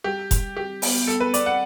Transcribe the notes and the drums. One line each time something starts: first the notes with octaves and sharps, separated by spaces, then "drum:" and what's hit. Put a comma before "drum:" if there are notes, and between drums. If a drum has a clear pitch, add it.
G3 G4
G3, drum: kick F1, hi-hat
G3 G4
B3, drum: open hi-hat
G3 A4
B4
G3 D5, drum: hi-hat
F#5